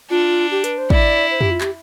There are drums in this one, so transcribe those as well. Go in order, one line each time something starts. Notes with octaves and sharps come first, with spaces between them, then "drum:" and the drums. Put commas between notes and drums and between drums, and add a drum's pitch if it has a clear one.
D4 F4
G4
B4, drum: hi-hat
C5
E4 D5, drum: kick
C5
G4, drum: tom F2
F4
G4, drum: clap